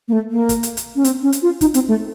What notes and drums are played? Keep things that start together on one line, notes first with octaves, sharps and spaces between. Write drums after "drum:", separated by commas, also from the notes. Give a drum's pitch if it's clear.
A#3
A3
A#3
drum: kick, hi-hat
drum: hi-hat
drum: hi-hat
C#4
C4, drum: hi-hat
C#4
drum: hi-hat
F4
D#4, drum: kick, hi-hat
C4, drum: hi-hat
A3